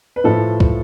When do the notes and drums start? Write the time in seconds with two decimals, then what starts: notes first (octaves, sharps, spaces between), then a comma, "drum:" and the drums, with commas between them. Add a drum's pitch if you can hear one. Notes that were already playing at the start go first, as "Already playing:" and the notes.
0.16 B4
0.24 A2 F3 A4
0.60 drum: kick